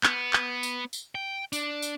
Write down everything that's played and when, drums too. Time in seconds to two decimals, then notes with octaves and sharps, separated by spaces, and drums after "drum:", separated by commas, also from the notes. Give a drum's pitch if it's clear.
0.03 B3, drum: clap
0.33 drum: clap
0.63 drum: tambourine
0.93 drum: tambourine
1.15 G5
1.53 D4, drum: tambourine
1.82 drum: tambourine